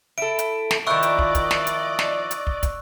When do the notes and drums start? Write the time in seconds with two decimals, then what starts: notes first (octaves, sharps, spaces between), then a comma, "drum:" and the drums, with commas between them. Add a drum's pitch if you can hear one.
0.18 E4 A4 D7
0.39 drum: hi-hat
0.71 drum: snare
0.87 D#3 F3 E4 D5 D#5 C#6 E6 F#6
1.03 drum: hi-hat
1.19 drum: kick
1.35 drum: kick, hi-hat
1.51 drum: snare
1.67 drum: hi-hat
1.99 drum: snare
2.31 drum: hi-hat
2.47 drum: kick
2.63 drum: kick, hi-hat